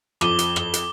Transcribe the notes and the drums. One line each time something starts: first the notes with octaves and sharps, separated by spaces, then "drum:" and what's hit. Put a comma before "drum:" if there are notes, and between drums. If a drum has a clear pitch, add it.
F2 F3 D6 D#7 G7, drum: rim click
drum: hi-hat
drum: rim click
drum: hi-hat